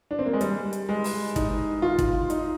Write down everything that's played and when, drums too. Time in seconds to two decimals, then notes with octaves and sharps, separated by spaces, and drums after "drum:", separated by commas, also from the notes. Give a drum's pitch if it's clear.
0.11 D4
0.19 C4
0.26 A#3
0.33 G#3
0.41 G3, drum: hi-hat
0.73 drum: hi-hat
0.89 G#3
1.04 drum: open hi-hat
1.36 D#4, drum: kick, hi-hat
1.82 F4
1.98 drum: kick, hi-hat
2.30 D#4, drum: hi-hat